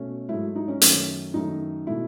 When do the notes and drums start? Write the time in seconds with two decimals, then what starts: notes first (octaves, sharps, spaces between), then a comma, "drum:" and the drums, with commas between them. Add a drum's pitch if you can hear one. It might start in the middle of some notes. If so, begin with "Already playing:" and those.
Already playing: B2 A3 C#4
0.29 G#2 F#3 A3 E4
0.56 D#4
0.68 C#4
0.81 F#2 D#3 A3, drum: hi-hat
1.34 F#2 D#3 A3 D#4
1.87 B2 A3 E4